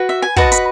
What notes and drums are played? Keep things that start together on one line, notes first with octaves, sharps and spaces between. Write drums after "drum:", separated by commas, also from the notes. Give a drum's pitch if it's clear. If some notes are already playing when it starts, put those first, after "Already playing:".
Already playing: F#4 B4
E5
G#5
F#4 B4 D#5 A5, drum: kick
B5, drum: hi-hat